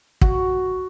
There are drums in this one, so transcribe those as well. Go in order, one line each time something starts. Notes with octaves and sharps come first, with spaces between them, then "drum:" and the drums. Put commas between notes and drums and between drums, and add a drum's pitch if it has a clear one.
F#4, drum: kick